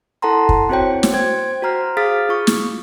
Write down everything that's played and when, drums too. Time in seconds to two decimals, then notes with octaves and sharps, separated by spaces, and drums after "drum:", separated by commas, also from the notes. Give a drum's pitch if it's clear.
0.22 E4 A4 F#5 A5 A#5 C6
0.49 drum: kick
0.69 C4 E4 F#4 C5 C#5 G5
1.03 drum: snare
1.14 C5 G5 G#6
1.62 F#4 C5 A#5 F6 C7
1.97 G#4 F5 D#6 F6 A6 B6
2.29 F4 C#6 D#6
2.47 drum: snare